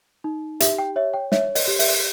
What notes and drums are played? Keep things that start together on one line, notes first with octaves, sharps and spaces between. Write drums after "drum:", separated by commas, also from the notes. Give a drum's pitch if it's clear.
D#4
G4 E5, drum: hi-hat
G5
C#5 E5
G5
C#5 E5, drum: snare
D#5, drum: open hi-hat
G4
E5, drum: open hi-hat